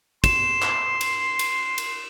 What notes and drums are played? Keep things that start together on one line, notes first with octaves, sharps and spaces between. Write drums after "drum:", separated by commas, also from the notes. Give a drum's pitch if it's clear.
C6 E7, drum: kick, cymbal
drum: clap
drum: cymbal
drum: cymbal
drum: cymbal